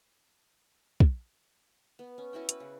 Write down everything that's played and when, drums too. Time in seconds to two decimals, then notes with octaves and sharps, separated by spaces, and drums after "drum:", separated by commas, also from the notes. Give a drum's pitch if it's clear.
1.00 drum: kick
1.99 B3
2.18 C#4
2.33 C#4 E4 F#4 G5
2.49 B4, drum: hi-hat
2.60 C#3